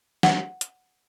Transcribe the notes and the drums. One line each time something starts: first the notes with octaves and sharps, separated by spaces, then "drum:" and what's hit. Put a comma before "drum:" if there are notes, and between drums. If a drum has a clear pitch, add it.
F#5, drum: snare
drum: hi-hat